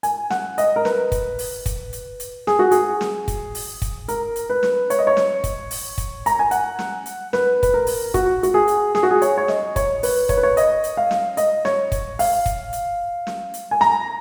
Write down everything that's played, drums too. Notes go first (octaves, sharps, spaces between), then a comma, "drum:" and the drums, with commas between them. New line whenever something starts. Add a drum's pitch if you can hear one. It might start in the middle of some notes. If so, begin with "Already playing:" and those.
G#5, drum: hi-hat
F#5, drum: snare
D#5, drum: hi-hat
A#4
B4, drum: snare
drum: kick, hi-hat
drum: open hi-hat
drum: kick, hi-hat
drum: hi-hat
drum: hi-hat
G#4, drum: snare
F#4
G#4, drum: hi-hat
drum: snare
drum: kick, hi-hat
drum: open hi-hat
drum: kick, hi-hat
A#4, drum: hi-hat
drum: hi-hat
B4
drum: snare
C#5, drum: hi-hat
D#5
C#5
drum: snare
drum: kick, hi-hat
drum: open hi-hat
drum: kick, hi-hat
A#5, drum: hi-hat
G#5
F#5, drum: hi-hat
drum: snare
drum: hi-hat
B4, drum: snare
B4, drum: kick, hi-hat
A#4
drum: open hi-hat
F#4, drum: kick, hi-hat
F#4, drum: hi-hat
G#4
drum: hi-hat
G#4, drum: snare
F#4
G#4
C#5, drum: hi-hat
C#5
D#5, drum: snare
C#5, drum: kick, hi-hat
B4, drum: open hi-hat
C#5, drum: kick, hi-hat
B4
C#5
D#5, drum: hi-hat
drum: hi-hat
F5
drum: snare
D#5, drum: hi-hat
C#5, drum: snare
drum: kick, hi-hat
F5, drum: open hi-hat
drum: kick, hi-hat
drum: hi-hat
drum: snare
drum: hi-hat
G#5
A#5, drum: snare